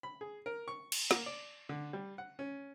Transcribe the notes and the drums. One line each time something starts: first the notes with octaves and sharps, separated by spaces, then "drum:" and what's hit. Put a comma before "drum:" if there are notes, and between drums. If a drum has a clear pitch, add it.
B5
G#4
A#4
C#6
drum: cymbal
A#3, drum: snare
D5
D3
G3
F#5
C#4